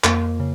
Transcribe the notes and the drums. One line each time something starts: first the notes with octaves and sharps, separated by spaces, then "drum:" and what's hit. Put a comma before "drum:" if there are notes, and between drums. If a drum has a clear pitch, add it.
F2 A#3, drum: clap
C#3